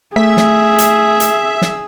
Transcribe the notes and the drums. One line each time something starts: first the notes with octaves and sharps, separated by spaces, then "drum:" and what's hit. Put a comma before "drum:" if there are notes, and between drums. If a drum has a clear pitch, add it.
A3 G#4 E5
drum: snare
drum: hi-hat
drum: hi-hat
drum: snare